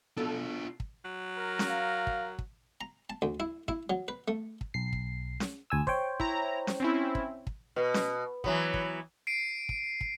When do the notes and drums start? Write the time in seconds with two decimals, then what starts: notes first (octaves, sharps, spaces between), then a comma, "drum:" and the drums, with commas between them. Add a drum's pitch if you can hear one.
0.17 B2 D4 F4 A4
0.80 drum: kick
1.05 F#3
1.38 A#4
1.59 drum: snare C#4
1.69 F5
2.07 drum: kick
2.39 drum: kick
2.81 A#5
3.10 A5
3.22 D2
3.40 E4
3.68 E4, drum: kick
3.90 F#3
4.08 B4
4.28 A3
4.61 drum: kick
4.74 B1 C7
4.93 drum: kick
5.40 drum: snare C#4
5.70 D2 G#5 E6
5.87 C5 C#5 G5, drum: kick
6.20 E4 A#5, drum: kick
6.67 drum: snare C#4
6.80 C4 C#4 E4
7.15 drum: kick
7.47 drum: kick
7.76 B2 B4
7.94 drum: snare C#4
8.44 E3 F#3 B3, drum: kick
8.74 drum: kick
9.27 C7 D7 D#7
9.69 drum: kick
10.01 drum: kick